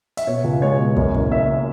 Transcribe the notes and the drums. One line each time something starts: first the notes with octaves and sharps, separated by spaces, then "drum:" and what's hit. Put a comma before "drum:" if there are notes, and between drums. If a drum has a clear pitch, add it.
E5, drum: hi-hat
B2 C#5
C#2
G#3 C#5
B2
F#2, drum: kick
F#1, drum: kick
F#1 E5